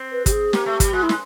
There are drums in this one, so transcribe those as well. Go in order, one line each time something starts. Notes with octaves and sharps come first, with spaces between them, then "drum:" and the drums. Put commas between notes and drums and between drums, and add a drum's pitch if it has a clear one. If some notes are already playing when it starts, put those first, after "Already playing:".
Already playing: C4
B4
G4, drum: kick, hi-hat
G#4
A#3 G4, drum: snare
A3
G3, drum: kick, hi-hat
G#3 F#4
E4
G#3, drum: snare